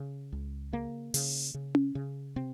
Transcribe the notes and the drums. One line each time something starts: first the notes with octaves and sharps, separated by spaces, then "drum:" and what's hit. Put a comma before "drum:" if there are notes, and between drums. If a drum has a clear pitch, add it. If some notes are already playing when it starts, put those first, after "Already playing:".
Already playing: C#3
C#2
C#3 A#3
C#3, drum: open hi-hat
C#3
drum: tom C#4
C#3
C3 C4